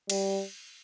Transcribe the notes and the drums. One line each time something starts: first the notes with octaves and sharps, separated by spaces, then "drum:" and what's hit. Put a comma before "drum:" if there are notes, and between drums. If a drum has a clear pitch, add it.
G3, drum: cymbal